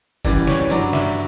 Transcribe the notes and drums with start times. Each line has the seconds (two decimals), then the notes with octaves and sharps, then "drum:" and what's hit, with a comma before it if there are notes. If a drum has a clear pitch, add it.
0.25 F#2 E3 G3 D5, drum: kick, tambourine
0.47 C#5, drum: snare
0.70 G2 F#3 D5, drum: tambourine
0.93 E5, drum: snare